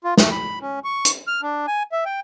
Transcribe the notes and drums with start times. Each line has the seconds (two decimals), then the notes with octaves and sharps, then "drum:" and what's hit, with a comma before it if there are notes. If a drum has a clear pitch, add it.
0.04 F4
0.17 A3, drum: snare
0.32 B5
0.62 C#4
0.84 C#6
1.05 drum: hi-hat
1.28 F6
1.42 D4
1.68 G#5
1.92 E5
2.06 G5